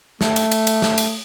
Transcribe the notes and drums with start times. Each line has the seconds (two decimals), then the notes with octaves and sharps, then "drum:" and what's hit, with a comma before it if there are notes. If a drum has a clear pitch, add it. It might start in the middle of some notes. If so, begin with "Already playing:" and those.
0.21 A3, drum: snare
0.36 drum: cymbal
0.51 drum: cymbal
0.67 drum: cymbal
0.82 drum: snare
0.98 drum: cymbal